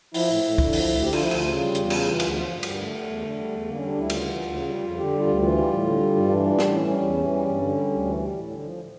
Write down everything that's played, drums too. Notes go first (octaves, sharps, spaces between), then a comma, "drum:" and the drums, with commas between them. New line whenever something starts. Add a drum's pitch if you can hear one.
F3 E4, drum: open hi-hat
A2
A2
D3, drum: kick
F3, drum: open hi-hat
D2
D3 G4
F3 F4, drum: cymbal
E4
D2 F4, drum: cymbal
C#3
G3
E2, drum: hi-hat
C#3, drum: cymbal
E3
D2, drum: cymbal
F3 F4
G2
G3
G2, drum: cymbal
D3 A3
G3
E2
D3
G3
E2
D3 A#3
G3 C#4
D4
D2 E4
C#3 F4, drum: cymbal
E3
D2
C#3
G3
F2
D3 G4
G3
F4
D2
E3 F4
G3
A2
D3
G3
G2
E3 D4
G3
A2, drum: snare
E3 C#4
G3
E2
E3
G3
G2
D3
G3
D2
E3
G3
A2
D3
F3